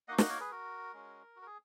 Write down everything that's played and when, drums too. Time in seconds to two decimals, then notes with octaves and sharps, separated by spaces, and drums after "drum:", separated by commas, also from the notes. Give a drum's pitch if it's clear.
0.08 A#3 D#4 F#4 D#5 F#5
0.18 D#5 F#5, drum: snare
0.29 A#4 C#5
0.40 G#4 B4
0.51 F#4 A#4
0.93 G#3 C#4 F#4
1.36 F#4
1.42 A#4
1.47 G#4